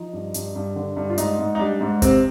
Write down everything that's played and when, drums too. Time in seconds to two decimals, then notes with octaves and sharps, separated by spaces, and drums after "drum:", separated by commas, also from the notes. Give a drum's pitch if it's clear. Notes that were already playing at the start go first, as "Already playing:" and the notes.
Already playing: F3 D#4
0.13 G2
0.34 G2, drum: hi-hat
0.56 G2
0.76 D3
0.97 G2
1.10 F4
1.18 G#2 D#4, drum: hi-hat
1.39 G#2
1.55 D#4
1.59 G3 D4
1.81 G#2
2.02 C3 C4, drum: kick G#1, hi-hat